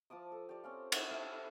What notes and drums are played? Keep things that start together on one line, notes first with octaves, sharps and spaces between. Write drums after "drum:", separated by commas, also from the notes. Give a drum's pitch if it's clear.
F3 A5 D6 D#6
A4
G4 D5
C4 C#4 F4
E4 D#5, drum: cymbal
E4 A4 F5 G5